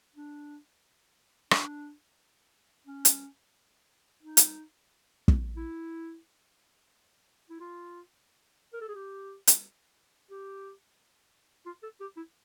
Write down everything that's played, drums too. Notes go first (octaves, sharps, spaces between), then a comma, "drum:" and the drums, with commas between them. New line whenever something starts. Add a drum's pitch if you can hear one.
D4
D4, drum: rim click
C#4
drum: hi-hat
D#4
drum: hi-hat
drum: kick
E4
E4
F4
A#4
A4
G#4
G4
drum: hi-hat
G4
F4
A4
G4
E4